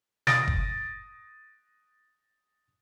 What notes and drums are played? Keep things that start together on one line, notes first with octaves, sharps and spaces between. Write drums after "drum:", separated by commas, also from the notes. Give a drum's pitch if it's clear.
D#6 A6 A#6 D7, drum: snare
drum: kick F#1